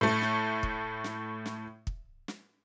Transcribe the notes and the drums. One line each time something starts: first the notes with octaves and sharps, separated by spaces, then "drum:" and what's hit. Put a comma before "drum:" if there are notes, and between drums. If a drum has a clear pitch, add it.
A2 A3
drum: snare
drum: kick
drum: snare
drum: snare
drum: kick
drum: snare